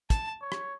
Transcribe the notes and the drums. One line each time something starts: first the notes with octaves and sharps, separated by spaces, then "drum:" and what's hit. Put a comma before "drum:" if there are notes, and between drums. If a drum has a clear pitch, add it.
A5, drum: kick, hi-hat
C#5
drum: rim click